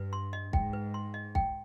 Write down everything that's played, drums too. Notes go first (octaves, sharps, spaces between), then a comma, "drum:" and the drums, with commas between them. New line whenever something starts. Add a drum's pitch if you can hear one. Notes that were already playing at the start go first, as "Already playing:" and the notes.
Already playing: G2 B4
C6
D#5
G#2 G5, drum: kick
B4
C6
D#5
G5, drum: kick